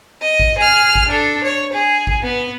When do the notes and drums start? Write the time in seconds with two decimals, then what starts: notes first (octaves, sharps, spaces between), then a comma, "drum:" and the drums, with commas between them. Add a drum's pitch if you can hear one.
0.22 D#5
0.40 drum: kick G#1
0.58 G#4 F6
0.95 drum: kick G#1
1.08 D4 A4
1.43 C#5
1.73 G#4
2.07 drum: kick G#1
2.22 B3